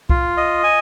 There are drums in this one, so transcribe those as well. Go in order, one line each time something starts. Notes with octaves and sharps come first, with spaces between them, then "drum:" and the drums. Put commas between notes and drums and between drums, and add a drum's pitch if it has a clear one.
F4, drum: kick
D#5
G#5